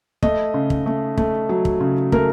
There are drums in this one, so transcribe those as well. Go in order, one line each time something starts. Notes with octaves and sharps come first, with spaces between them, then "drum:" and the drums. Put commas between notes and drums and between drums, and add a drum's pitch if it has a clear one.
A3 D#5, drum: kick
C#3
drum: kick
A3
A3, drum: kick
F#3
drum: kick
C#3
A3 A#4, drum: kick